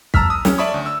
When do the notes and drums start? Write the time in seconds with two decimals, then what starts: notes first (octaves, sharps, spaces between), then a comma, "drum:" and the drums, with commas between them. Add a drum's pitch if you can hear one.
0.14 A5 A#5 E6 F6 B6, drum: kick
0.30 D#6
0.45 C#4, drum: snare
0.58 D5 E5 A5 B5 C#6 D#6
0.74 D2
0.86 E6